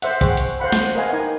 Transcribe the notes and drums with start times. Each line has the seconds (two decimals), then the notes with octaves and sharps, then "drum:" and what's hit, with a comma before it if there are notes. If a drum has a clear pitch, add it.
0.02 C5 E5 F#5, drum: hi-hat
0.21 G#4 C5 F#5 G5 C#6, drum: kick, hi-hat
0.37 drum: hi-hat
0.60 C5 F5 F#5 B5
0.72 drum: snare
0.95 A#4 B4 D#5 F5 F#5 G#5
1.13 D#4 A#4 G5 G#5